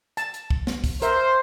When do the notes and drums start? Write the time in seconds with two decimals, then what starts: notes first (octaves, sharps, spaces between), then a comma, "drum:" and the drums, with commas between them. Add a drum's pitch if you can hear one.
0.17 A5, drum: hi-hat
0.34 drum: hi-hat
0.50 drum: kick
0.67 drum: snare
0.84 drum: kick, open hi-hat
1.02 A#4 C5 E5, drum: hi-hat